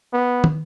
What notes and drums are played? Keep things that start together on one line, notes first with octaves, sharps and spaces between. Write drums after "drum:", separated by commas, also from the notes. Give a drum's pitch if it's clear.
B3
drum: tom